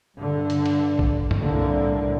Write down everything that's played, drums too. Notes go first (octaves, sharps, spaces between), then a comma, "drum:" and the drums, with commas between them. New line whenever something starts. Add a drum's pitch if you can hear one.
G2 D3
drum: hi-hat
drum: cymbal
drum: kick
drum: tom
C2 A2 D3 A#3